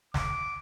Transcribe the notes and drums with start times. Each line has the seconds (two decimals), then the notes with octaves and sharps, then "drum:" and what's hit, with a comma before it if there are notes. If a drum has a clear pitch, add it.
0.14 D6, drum: snare